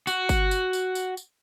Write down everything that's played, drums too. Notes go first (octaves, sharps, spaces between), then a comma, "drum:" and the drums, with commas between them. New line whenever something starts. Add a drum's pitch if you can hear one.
F#4, drum: tambourine
drum: kick G1, tambourine
drum: tambourine
drum: tambourine
drum: tambourine
drum: tambourine